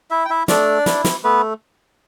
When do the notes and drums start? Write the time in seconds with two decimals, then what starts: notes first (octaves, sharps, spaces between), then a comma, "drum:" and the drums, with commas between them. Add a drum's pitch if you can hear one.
0.11 E4 E5
0.25 G5
0.30 E4 E5
0.48 A3 D4 D5, drum: snare
0.86 E4, drum: snare
1.04 drum: snare
1.24 A3 B3 B4